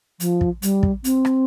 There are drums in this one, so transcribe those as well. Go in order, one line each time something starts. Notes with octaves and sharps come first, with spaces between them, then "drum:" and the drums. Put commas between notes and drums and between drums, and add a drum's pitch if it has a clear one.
F3, drum: hi-hat
drum: kick
G3, drum: hi-hat
drum: kick
C4, drum: hi-hat
drum: rim click